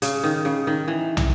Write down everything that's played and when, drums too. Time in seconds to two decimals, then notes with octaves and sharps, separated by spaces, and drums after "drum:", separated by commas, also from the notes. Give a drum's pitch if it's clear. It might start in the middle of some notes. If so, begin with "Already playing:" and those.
0.02 C#3, drum: hi-hat
0.23 D#3
0.45 C#3
0.67 D#3
0.88 E3
1.17 drum: tom